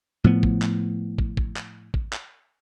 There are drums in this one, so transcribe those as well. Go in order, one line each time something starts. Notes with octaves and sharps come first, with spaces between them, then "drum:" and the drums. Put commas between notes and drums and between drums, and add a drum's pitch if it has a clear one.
A2 F3 B3
drum: kick
drum: clap
drum: kick
drum: kick
drum: clap
drum: kick
drum: clap